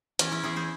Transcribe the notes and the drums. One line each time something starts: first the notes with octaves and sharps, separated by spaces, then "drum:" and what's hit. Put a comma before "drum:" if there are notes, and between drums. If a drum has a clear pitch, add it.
E2 C#4, drum: hi-hat
C#4 E4
E2 E4 G#4
G#4 C5